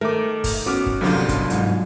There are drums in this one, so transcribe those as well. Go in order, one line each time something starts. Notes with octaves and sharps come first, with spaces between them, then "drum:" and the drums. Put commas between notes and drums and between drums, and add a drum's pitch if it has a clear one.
D#3 A3 A#4 D6
drum: kick, open hi-hat
B3 C#4 F#4 D6 F6
drum: kick
C2 G2 D3 F3 F#3 D4 D#4 F4
drum: kick, hi-hat
G#2, drum: hi-hat